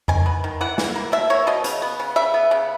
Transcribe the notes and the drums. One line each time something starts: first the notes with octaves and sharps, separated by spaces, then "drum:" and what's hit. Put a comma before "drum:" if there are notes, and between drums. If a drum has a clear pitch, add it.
D#3 G#5, drum: tom F2
B3
D#3
E3 F#5
E3, drum: snare
A#3
B2 E5
A#3 C#5
B2 D#5
C#3, drum: hi-hat
B3
C#3
C#3 E5
B3
C#3